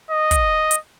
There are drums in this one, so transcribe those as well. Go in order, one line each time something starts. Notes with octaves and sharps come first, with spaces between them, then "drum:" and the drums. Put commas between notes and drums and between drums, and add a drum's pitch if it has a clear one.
D#5
drum: kick, hi-hat
drum: hi-hat